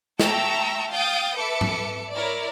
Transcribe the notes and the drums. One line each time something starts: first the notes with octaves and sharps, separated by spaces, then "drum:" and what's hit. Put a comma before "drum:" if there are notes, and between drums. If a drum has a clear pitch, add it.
E5 G5 A5 A#5 C#6 E6, drum: snare
F5 G5 D#6 G6 A6
A4 B4 E5 D6 C#7
drum: tom G#2
E4 A#4 C#5 D5